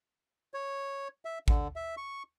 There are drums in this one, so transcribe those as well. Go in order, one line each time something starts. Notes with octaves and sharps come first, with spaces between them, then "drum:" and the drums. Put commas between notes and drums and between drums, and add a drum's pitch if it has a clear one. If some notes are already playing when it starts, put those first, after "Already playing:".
C#5
E5
D3, drum: kick A1
E5
C#6